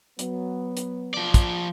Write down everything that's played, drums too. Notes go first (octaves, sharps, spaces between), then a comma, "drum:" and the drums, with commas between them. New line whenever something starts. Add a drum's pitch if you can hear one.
F#3 B3, drum: hi-hat
drum: hi-hat
F3 D5
drum: kick, hi-hat